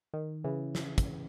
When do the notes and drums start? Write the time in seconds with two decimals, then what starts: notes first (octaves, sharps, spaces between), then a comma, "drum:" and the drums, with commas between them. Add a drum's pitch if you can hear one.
0.14 D#3
0.44 C#3 E3
0.75 drum: snare
0.98 drum: kick, hi-hat